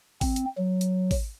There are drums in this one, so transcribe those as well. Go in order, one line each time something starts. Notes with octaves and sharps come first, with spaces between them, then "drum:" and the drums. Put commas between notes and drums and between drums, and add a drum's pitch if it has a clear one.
C4, drum: kick G#1, open hi-hat
drum: hi-hat
F#3
drum: hi-hat
drum: kick G#1, open hi-hat